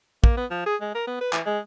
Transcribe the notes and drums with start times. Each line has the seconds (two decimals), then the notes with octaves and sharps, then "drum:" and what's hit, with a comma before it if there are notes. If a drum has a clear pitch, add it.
0.24 A#3, drum: kick
0.37 B3
0.51 F3
0.66 G#4
0.81 G#3
0.95 A#4
1.07 B3
1.21 B4
1.33 E3, drum: clap
1.46 G#3